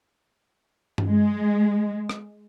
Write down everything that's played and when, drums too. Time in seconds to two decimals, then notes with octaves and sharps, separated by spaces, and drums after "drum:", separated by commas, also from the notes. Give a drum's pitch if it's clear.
0.98 drum: tom G2
1.07 G#3
2.09 drum: rim click